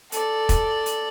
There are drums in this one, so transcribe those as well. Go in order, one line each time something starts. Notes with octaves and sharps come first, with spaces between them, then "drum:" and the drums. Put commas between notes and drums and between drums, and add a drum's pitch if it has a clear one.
A4 D5, drum: hi-hat
drum: kick E1, hi-hat
drum: hi-hat